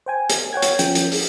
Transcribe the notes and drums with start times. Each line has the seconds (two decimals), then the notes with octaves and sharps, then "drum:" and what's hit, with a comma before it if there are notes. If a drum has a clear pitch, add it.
0.06 C5 G5 G#5
0.30 drum: hi-hat
0.53 C#5 F#5 G5 G#6
0.62 drum: hi-hat
0.79 F3 C#4 G5, drum: hi-hat
0.95 drum: hi-hat
1.12 drum: open hi-hat